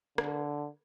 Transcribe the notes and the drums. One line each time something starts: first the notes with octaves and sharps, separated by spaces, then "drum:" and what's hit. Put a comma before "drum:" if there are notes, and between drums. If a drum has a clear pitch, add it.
D3, drum: rim click